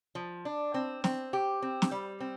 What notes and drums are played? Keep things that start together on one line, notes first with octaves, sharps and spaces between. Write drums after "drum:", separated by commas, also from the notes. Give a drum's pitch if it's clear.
F3
D4
C4
C4, drum: snare
G4
C4
drum: snare
G3
C4